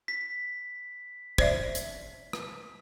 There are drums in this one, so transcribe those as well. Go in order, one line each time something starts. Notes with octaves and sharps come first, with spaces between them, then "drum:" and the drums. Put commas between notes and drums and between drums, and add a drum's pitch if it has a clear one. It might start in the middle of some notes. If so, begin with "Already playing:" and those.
B6
C5 D5 E5, drum: kick
drum: hi-hat
drum: rim click